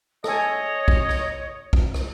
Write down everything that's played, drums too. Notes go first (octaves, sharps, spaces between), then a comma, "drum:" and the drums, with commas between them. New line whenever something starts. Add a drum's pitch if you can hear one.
A4 C#5 D#5 G#5, drum: rim click
drum: kick
drum: rim click
drum: kick
drum: rim click